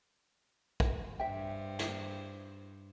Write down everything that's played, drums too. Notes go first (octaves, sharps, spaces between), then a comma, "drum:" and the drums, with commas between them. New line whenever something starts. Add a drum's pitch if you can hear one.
drum: kick
G2 C5 E5 G5
drum: snare